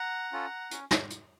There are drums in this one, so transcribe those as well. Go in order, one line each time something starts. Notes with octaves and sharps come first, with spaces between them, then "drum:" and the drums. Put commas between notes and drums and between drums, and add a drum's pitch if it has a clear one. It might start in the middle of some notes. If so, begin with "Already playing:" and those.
Already playing: F#5 A#5
C#4 F4 A4
C#4, drum: hi-hat
drum: snare
drum: hi-hat